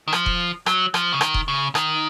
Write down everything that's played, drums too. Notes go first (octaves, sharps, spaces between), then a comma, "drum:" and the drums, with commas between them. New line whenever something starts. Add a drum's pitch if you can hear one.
D#3
F3, drum: rim click
drum: kick E1
F#3, drum: rim click
F3, drum: rim click
C#3
D#3, drum: rim click
drum: kick E1
C#3
D#3, drum: rim click